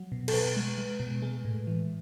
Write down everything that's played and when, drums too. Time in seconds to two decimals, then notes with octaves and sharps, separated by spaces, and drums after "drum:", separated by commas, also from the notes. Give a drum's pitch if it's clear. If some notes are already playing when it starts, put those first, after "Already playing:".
Already playing: F#3
0.12 B2
0.28 A4, drum: cymbal
0.33 B2 B4
0.57 G#3
0.78 G#3
1.00 B2
1.22 G#3
1.45 A2
1.67 E3